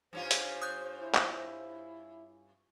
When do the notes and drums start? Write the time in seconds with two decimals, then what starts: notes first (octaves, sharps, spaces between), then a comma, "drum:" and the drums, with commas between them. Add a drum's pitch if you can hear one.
0.13 G2 C#4 F4 C5
0.31 drum: hi-hat
0.62 D#6 F#6 G6
1.01 E4
1.15 drum: clap